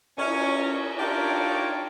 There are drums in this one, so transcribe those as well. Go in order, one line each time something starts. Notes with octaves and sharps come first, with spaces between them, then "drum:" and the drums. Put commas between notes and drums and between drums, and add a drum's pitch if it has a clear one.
C#4, drum: cymbal
D4 D#4 F4 G4 A#4 C#5